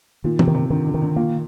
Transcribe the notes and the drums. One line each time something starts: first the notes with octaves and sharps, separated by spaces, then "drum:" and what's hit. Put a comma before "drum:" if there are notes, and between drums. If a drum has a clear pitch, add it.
A#2 D#3
C3, drum: tom E3
D#3
C3
D3 D#3
D3
D#3
D3
A#2 A#3